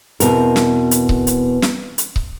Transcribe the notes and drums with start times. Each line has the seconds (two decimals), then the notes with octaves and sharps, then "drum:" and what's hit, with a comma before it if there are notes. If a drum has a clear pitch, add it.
0.20 E2 B2 C4 A#4, drum: hi-hat
0.56 drum: snare
0.91 drum: hi-hat
1.09 drum: kick C#1
1.27 drum: hi-hat
1.62 drum: snare
1.98 drum: hi-hat
2.16 drum: kick C#1